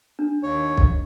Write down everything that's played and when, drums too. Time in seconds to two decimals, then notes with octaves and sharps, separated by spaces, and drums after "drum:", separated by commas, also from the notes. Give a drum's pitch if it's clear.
0.19 D4
0.43 D#2 C#5
0.77 drum: kick